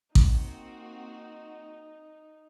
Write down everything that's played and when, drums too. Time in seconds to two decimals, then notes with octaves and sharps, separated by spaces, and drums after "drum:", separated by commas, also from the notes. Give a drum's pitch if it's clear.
0.15 A#3 C4 D#4 F#4, drum: kick A1